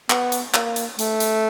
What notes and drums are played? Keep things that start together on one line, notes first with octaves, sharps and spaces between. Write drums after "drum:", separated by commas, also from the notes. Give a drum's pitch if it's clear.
B3, drum: clap
drum: hi-hat
A#3, drum: clap
drum: hi-hat
A3, drum: hi-hat
drum: hi-hat